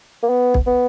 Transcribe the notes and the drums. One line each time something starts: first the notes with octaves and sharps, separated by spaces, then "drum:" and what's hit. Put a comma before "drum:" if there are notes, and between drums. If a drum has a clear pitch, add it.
A#3
B3
drum: kick
B3